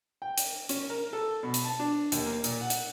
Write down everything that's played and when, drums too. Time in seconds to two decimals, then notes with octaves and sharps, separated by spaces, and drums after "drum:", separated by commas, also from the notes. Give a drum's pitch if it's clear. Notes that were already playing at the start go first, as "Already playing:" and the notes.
0.22 G5
0.38 drum: hi-hat
0.69 C#4, drum: hi-hat
0.90 A#4
1.13 A4
1.43 B2
1.54 drum: hi-hat
1.64 A5
1.79 D4
2.12 D#2, drum: hi-hat
2.26 A#3
2.44 A#2, drum: hi-hat
2.61 F#5
2.70 drum: hi-hat